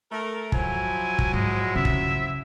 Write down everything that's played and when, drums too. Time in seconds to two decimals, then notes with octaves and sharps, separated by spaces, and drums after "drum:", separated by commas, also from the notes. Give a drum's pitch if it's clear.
0.11 A3 A#4
0.52 F3 F#3 E4 G#5, drum: kick
1.19 drum: kick
1.34 G#2 G#3
1.76 C#3 E5
1.85 drum: kick